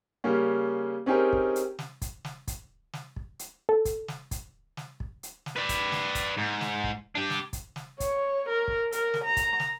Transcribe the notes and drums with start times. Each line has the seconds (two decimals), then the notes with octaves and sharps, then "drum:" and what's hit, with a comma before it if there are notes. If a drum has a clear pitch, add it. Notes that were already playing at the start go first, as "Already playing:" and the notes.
0.24 C#3 G3 A#3 C#4
1.06 C4 C#4 D#4 G4 G#4 A#4
1.33 drum: kick
1.56 drum: hi-hat
1.79 drum: snare
2.02 drum: kick, hi-hat
2.25 drum: snare
2.48 drum: kick, hi-hat
2.93 drum: snare
3.16 drum: kick
3.39 drum: hi-hat
3.69 A4
3.85 drum: kick, hi-hat
4.08 drum: snare
4.31 drum: kick, hi-hat
4.77 drum: snare
5.00 drum: kick
5.23 drum: hi-hat
5.46 drum: snare
5.56 B4 D5
5.69 drum: kick, hi-hat
5.92 drum: snare
6.15 drum: kick, hi-hat
6.38 G#2
6.61 drum: snare
6.84 drum: kick
7.15 D4 G4
7.30 drum: snare
7.53 drum: kick, hi-hat
7.76 drum: snare
8.00 C#5, drum: kick, hi-hat
8.49 A#4
8.68 drum: kick
8.92 A#4, drum: hi-hat
9.14 drum: snare
9.25 A#5
9.37 drum: kick, hi-hat
9.60 drum: snare